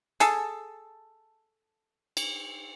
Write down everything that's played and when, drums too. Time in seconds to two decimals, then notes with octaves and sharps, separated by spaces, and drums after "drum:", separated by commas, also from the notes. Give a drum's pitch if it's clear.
0.20 G#4 A4, drum: hi-hat
2.17 drum: cymbal